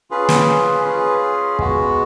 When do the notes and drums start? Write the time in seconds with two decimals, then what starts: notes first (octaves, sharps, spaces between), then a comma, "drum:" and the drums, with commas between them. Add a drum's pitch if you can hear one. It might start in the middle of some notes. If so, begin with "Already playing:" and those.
0.11 C#4 F4 G#4 B4
0.29 drum: snare
0.84 C#4 F4 G#4
1.59 G#3 B3 F#4, drum: kick